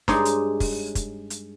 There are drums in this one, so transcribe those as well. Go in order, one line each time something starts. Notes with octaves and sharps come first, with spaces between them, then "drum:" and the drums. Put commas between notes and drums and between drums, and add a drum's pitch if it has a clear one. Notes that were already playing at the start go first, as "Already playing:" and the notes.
G2 G#3 D#4 C#5 D5 C6, drum: snare
drum: hi-hat
drum: kick, open hi-hat
drum: kick, hi-hat
drum: hi-hat